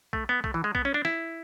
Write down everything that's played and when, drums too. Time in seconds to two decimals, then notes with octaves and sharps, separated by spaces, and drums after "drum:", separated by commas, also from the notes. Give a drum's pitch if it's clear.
0.13 A3, drum: kick B1
0.29 B3
0.44 A3, drum: kick B1
0.54 E3
0.64 G#3
0.75 B3, drum: kick B1
0.85 C#4
0.94 D4
1.05 E4, drum: snare